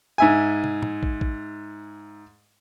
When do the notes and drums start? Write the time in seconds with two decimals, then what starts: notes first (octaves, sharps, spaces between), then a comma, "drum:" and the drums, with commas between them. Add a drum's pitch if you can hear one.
0.18 G#2 E5 G#5
0.64 drum: tom
0.83 drum: tom
1.03 drum: kick
1.21 drum: kick